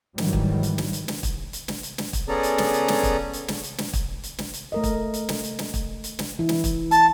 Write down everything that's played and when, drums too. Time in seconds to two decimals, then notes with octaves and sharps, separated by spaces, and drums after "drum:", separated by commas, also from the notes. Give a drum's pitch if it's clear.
0.18 G#2 D#3 E3 F#3 G3, drum: snare
0.33 drum: kick
0.63 drum: hi-hat
0.78 drum: snare
0.93 drum: hi-hat
1.08 drum: snare
1.23 drum: kick, hi-hat
1.53 drum: hi-hat
1.68 drum: snare
1.83 drum: hi-hat
1.98 drum: snare
2.13 drum: kick, hi-hat
2.28 B3 C#4 G#4 A4 D5 A#5
2.43 drum: hi-hat
2.58 drum: snare
2.73 drum: hi-hat
2.88 drum: snare
3.03 drum: kick, hi-hat
3.33 drum: hi-hat
3.48 drum: snare
3.63 drum: hi-hat
3.78 drum: snare
3.93 drum: kick, hi-hat
4.23 drum: hi-hat
4.38 drum: snare
4.54 drum: hi-hat
4.72 A3 A#4 D#5
4.84 drum: kick, hi-hat
5.14 drum: hi-hat
5.29 drum: snare
5.44 drum: hi-hat
5.59 drum: snare
5.74 drum: kick, hi-hat
6.04 drum: hi-hat
6.19 drum: snare
6.39 E3 E4
6.49 drum: snare
6.64 drum: kick, hi-hat
6.91 A5, drum: hi-hat